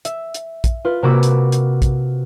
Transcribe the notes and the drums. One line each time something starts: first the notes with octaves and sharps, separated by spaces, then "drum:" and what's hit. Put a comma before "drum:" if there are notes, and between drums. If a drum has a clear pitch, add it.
E5, drum: hi-hat
drum: hi-hat
drum: kick, hi-hat
F4 B4
C3 A#3 F#4 B5 D6 E6
drum: hi-hat
drum: hi-hat
drum: kick, hi-hat